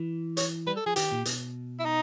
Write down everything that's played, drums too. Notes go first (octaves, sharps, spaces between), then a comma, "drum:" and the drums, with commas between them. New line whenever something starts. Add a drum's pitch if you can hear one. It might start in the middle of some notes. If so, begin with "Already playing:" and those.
Already playing: E3
C#5, drum: hi-hat
G3 B4
A4
F3 G#4
D#3 G4, drum: hi-hat
A#2
B2, drum: hi-hat
E4
D#4